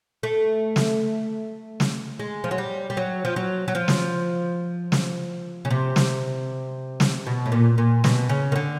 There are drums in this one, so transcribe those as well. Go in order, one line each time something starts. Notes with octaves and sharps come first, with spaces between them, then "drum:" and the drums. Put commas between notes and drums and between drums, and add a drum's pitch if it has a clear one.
A3
drum: snare
drum: snare
G#3
F3
F#3
G3
G3
F#3
F3
F#3
F#3
F3
drum: snare
drum: snare
C#3
C3
drum: snare
drum: snare
B2
A2
A#2
A#2
B2, drum: snare
C#3
D#3
D3